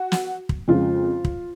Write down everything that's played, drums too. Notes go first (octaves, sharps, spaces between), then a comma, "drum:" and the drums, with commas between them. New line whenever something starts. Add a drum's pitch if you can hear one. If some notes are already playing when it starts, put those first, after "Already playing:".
Already playing: F#4
drum: snare
drum: kick
F2 C#3 G#3 F4
drum: kick